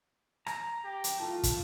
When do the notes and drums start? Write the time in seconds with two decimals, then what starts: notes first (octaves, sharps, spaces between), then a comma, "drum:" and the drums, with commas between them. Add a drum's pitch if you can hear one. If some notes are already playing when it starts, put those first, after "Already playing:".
0.47 A#5, drum: rim click
0.84 G4
1.04 drum: hi-hat
1.20 A3 F4 A5
1.43 drum: kick, hi-hat